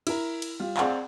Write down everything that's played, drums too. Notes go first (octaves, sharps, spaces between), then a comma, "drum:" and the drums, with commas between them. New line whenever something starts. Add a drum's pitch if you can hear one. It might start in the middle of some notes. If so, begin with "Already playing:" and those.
E4 A#4, drum: cymbal
drum: cymbal
G3 F4
C4 G#4 D5 F5 F#5, drum: clap